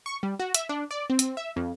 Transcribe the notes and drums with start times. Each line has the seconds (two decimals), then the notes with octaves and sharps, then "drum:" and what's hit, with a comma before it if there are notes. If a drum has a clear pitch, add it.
0.06 C#6
0.23 G3
0.39 F#4
0.54 E5, drum: hi-hat
0.69 D4
0.91 D5
1.10 C4
1.19 drum: hi-hat
1.37 E5
1.56 F2